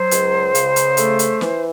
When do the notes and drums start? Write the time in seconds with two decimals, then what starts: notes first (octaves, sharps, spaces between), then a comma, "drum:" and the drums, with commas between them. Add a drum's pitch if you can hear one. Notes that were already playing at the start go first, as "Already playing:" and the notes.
Already playing: F#3 C5
0.11 C#2, drum: hi-hat
0.55 C#3, drum: hi-hat
0.76 drum: hi-hat
0.97 A3, drum: hi-hat
1.19 drum: hi-hat
1.41 E3, drum: snare